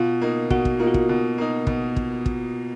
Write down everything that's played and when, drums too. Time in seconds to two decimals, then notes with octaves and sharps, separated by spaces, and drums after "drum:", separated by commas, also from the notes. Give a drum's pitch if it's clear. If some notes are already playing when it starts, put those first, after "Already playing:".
Already playing: B2 F4
0.21 A#3 D#4
0.50 B2 F#4, drum: kick
0.65 drum: kick
0.79 A#3 D#4 F4
0.87 F#4
0.94 F4, drum: kick
1.09 B2
1.38 A#3 D#4
1.67 B2, drum: kick
1.96 drum: kick
2.26 drum: kick